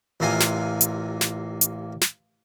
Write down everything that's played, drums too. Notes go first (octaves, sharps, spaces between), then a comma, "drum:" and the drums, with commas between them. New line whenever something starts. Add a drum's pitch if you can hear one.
A1 C3 A#3 F4 G#5
drum: snare
drum: hi-hat
drum: snare
drum: hi-hat
drum: snare